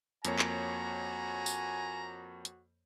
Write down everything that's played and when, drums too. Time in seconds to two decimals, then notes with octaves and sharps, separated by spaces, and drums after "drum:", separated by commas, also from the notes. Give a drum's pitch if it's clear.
0.25 F2 A#3 F#4 C#5 G#5 A#5, drum: hi-hat
0.39 drum: clap
1.46 drum: tambourine
2.45 drum: hi-hat